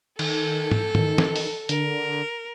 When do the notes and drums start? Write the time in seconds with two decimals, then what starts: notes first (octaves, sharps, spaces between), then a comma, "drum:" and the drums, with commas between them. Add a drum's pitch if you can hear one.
0.19 D#3 A4, drum: cymbal
0.72 drum: tom G#2
0.95 D#3, drum: tom G#2
1.18 drum: snare
1.36 drum: open hi-hat
1.69 D3 A#4, drum: hi-hat